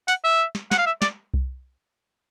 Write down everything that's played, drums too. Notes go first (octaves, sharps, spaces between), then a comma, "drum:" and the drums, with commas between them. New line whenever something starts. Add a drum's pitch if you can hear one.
F#5, drum: hi-hat
E5
drum: snare
F#5, drum: snare
F5
E5
D5, drum: snare
drum: kick C2